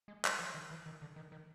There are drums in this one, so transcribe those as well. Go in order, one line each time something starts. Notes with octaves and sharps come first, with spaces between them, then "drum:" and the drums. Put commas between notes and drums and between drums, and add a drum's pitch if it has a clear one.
G#3
G3, drum: clap
F3
D#3
E3
D#3
D3
D#3
D#3